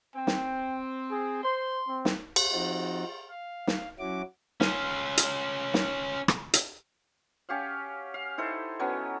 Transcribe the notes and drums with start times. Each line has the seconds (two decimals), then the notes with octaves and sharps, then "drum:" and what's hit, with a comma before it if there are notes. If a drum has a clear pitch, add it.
0.16 C4 G5
0.27 drum: snare
1.11 G#4
1.44 C5 C6
1.88 C4
2.05 drum: snare
2.36 drum: cymbal
2.52 F3 C4 D#4 F#4
3.30 F5
3.67 drum: snare
3.99 F#3 C#4 E4 F#4 D6
4.61 C#4 F4, drum: snare
5.17 drum: hi-hat
5.74 drum: snare
6.28 drum: rim click
6.53 drum: hi-hat
7.49 C#4 G4 F5 F#5
8.14 F5
8.38 D#4 E4 A4 C5
8.80 F#3 B3 C#4